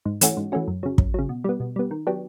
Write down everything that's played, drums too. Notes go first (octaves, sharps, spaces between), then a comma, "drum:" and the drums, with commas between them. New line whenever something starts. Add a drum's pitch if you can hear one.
G#2
E3 A3 C#4 F#4, drum: hi-hat
G#2
E3 A3 C#4 F#4
F#2
C#3 F#3
F#2, drum: kick
C#3 F#3
B2
G3 B3
B2
G3 B3
D#3
F#3 B3 D4 G4